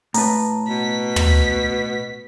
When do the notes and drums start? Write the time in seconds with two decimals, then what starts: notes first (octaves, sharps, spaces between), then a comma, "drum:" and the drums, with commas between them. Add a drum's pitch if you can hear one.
0.14 A2 B4 A5 A#5, drum: open hi-hat
0.69 B2 B6
1.16 drum: tom